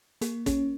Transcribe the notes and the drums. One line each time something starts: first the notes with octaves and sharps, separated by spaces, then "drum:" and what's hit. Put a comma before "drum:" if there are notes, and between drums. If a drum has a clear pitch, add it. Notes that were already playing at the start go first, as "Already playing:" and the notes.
A#3, drum: hi-hat
C#4, drum: kick, hi-hat